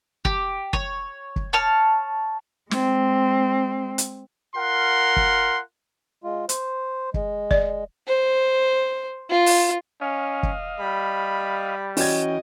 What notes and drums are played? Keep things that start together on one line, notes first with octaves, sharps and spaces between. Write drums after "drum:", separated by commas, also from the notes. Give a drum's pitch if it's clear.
G4, drum: kick
C#5, drum: kick
drum: kick
C#5 A5 F6
G#3 C4, drum: snare
drum: hi-hat
F4 A#4 F#5 C6
drum: kick
G#3 F4
C5, drum: hi-hat
G#3, drum: kick
D5, drum: kick
C5
F4
drum: open hi-hat
C#4 D#5 F5
drum: kick
G3 B5
E3 C#4 F#4 D#5 G5 G#6, drum: open hi-hat